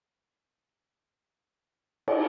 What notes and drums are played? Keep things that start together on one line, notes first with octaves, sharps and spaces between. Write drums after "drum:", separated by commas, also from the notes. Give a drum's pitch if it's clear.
C4 A#4 D#6
drum: cymbal